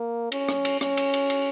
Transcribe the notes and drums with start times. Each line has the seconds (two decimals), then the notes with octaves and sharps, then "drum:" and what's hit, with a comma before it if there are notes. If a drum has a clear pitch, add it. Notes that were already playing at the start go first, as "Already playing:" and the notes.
Already playing: A#3
0.32 C#4, drum: cymbal
0.49 drum: rim click
0.65 drum: cymbal
0.81 C#4, drum: rim click
0.97 drum: cymbal
1.14 drum: cymbal
1.30 drum: cymbal